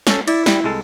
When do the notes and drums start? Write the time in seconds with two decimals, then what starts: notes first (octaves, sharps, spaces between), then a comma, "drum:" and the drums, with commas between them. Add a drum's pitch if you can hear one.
0.07 C#4 A4, drum: snare
0.28 E4 D5, drum: cymbal
0.46 G3, drum: snare
0.64 C2 G#3 A4